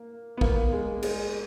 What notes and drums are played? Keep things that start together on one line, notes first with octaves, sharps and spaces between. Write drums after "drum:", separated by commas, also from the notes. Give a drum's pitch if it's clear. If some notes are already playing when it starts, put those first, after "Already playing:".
Already playing: A#3
B3
A#3, drum: kick
G#3
G#3, drum: cymbal